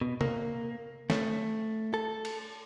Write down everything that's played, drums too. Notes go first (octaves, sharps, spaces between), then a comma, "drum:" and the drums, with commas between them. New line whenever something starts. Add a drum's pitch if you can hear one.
B2
A#3, drum: tom C3
A3, drum: snare
A4
drum: cymbal